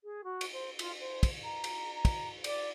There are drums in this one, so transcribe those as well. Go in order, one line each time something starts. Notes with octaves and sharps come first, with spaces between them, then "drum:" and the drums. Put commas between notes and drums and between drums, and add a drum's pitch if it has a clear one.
G#4
F#4
drum: cymbal
C5
F4, drum: cymbal
C5
drum: kick, cymbal
A#5
drum: cymbal
A#5
drum: kick, cymbal
D5, drum: cymbal